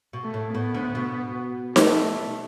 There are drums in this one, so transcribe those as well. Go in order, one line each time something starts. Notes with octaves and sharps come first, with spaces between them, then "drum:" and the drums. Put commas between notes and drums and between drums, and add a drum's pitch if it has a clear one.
B2
A3
A2
A2 B3
D2 D3
B2
A3, drum: snare D#4